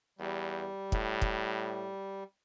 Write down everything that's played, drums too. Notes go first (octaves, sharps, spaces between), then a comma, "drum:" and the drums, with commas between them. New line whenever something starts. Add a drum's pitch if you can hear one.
E2 G3
A2, drum: kick
drum: kick